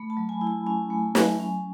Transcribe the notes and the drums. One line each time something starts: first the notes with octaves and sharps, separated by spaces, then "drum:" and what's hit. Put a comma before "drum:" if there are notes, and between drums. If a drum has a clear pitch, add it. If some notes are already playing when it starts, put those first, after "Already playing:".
Already playing: A3 B5
A5
F#3
G#5
E4
G#5
C#4 G#5
A3
F#3, drum: snare
C#4